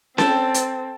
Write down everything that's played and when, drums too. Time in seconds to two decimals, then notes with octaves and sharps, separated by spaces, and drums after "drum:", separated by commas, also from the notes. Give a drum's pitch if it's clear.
0.18 C4 A4 G5 A5, drum: snare C#4
0.54 drum: hi-hat